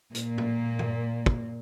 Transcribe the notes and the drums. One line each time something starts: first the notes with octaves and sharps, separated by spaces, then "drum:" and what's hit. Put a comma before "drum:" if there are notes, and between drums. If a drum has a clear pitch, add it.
A#2 A#3, drum: hi-hat
drum: tom
drum: tom G2
drum: kick